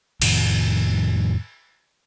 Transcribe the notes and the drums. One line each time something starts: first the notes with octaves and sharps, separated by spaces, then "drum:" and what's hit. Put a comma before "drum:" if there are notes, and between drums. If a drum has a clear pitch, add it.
F2 A2 D#3 F3, drum: cymbal